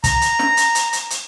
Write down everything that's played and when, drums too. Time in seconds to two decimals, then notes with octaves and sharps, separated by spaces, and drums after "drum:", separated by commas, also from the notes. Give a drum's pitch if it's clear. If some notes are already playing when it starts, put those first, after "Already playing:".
0.04 A#5, drum: kick, hi-hat
0.21 drum: hi-hat
0.39 drum: snare
0.57 drum: hi-hat
0.75 drum: hi-hat
0.93 drum: hi-hat
1.10 drum: hi-hat